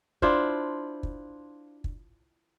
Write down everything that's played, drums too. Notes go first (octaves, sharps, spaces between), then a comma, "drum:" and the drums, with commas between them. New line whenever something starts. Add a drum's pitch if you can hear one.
D4 E4 F4 C5, drum: kick
drum: kick
drum: kick